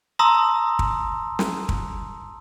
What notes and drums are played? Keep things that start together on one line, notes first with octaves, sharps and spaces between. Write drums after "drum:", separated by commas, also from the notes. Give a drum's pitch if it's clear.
A5 A#5 C6 D#6 E6 A#6
drum: kick
drum: snare
drum: kick